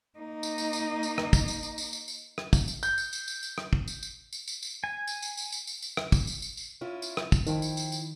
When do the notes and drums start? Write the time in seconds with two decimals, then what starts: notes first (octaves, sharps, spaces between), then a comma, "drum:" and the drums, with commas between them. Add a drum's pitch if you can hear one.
0.18 A#3 D#4
0.43 drum: tambourine
0.58 drum: tambourine
0.73 drum: tambourine
1.03 drum: tambourine
1.18 drum: rim click
1.33 drum: kick, tambourine
1.48 drum: tambourine
1.63 drum: tambourine
1.78 drum: tambourine
1.93 drum: tambourine
2.08 drum: tambourine
2.38 drum: rim click
2.53 drum: kick, tambourine
2.68 drum: tambourine
2.83 G6, drum: tambourine
2.98 drum: tambourine
3.13 drum: tambourine
3.28 drum: tambourine
3.43 drum: tambourine
3.58 drum: rim click
3.73 drum: kick
3.88 drum: tambourine
4.03 drum: tambourine
4.33 drum: tambourine
4.48 drum: tambourine
4.63 drum: tambourine
4.84 G#5
5.07 drum: tambourine
5.22 drum: tambourine
5.37 drum: tambourine
5.52 drum: tambourine
5.67 drum: tambourine
5.82 drum: tambourine
5.97 drum: rim click
6.12 drum: kick, tambourine
6.27 drum: tambourine
6.42 drum: tambourine
6.57 drum: tambourine
6.81 C#4 E4 F4
7.02 drum: tambourine
7.17 drum: rim click
7.32 drum: kick, tambourine
7.47 D#3 F3 E4 G5, drum: tambourine
7.62 drum: tambourine
7.77 drum: tambourine
7.92 drum: tambourine